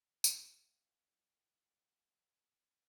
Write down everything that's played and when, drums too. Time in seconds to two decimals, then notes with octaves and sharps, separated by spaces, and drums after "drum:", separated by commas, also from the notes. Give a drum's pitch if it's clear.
0.24 A2 F3 D5 G5, drum: tambourine